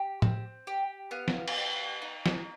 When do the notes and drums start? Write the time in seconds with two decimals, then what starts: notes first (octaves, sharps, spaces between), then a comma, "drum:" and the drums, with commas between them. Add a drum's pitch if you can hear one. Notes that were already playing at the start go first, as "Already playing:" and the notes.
Already playing: G4
0.22 C4, drum: tom
0.67 G4
1.11 B3 F5
1.28 drum: snare
1.48 drum: cymbal
1.57 G4
2.02 D#4
2.26 drum: snare